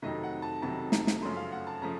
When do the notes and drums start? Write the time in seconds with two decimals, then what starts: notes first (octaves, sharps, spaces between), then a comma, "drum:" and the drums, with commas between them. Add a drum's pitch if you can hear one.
0.02 F2 C3 D#3 F#3 A3 D#5
0.23 F#5
0.42 A5
0.62 F2 C3 D#3 F#3 A3 A5
0.92 A#5, drum: snare
1.07 drum: snare
1.22 F#2 C#3 F3 A3 C6
1.37 F5
1.52 F#5
1.67 A5
1.82 C#3 F3 A3 A#5